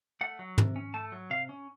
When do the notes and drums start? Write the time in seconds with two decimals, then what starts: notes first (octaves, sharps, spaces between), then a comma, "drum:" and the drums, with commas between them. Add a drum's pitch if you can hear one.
0.21 A3 F#5
0.39 F#3
0.58 C3, drum: tom G#2
0.76 C#4
0.94 A3 A5
1.12 F#3
1.30 C3 F5
1.49 C#4